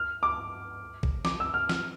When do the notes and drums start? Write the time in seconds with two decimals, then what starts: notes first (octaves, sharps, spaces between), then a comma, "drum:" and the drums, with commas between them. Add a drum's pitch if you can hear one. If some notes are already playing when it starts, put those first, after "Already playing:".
Already playing: F6
0.23 D6
1.03 drum: kick
1.25 D6, drum: snare
1.40 E6
1.54 F6
1.69 F6, drum: snare